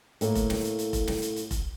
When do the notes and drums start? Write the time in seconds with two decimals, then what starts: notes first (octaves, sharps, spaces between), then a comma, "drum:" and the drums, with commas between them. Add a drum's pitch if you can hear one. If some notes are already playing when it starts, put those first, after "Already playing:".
0.21 A2 A#3, drum: hi-hat
0.35 drum: kick F1, hi-hat
0.50 drum: snare
0.64 drum: hi-hat
0.79 drum: hi-hat
0.93 drum: kick F1, hi-hat
1.07 drum: snare
1.22 drum: hi-hat
1.36 drum: hi-hat
1.51 drum: kick F1, hi-hat